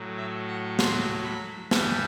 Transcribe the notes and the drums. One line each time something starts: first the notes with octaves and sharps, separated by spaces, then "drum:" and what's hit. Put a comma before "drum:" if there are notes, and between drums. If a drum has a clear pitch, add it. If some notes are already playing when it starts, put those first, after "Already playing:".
Already playing: A2 F#3
E5
F#5
C6, drum: snare
B5
G2 E3 G3 B5, drum: snare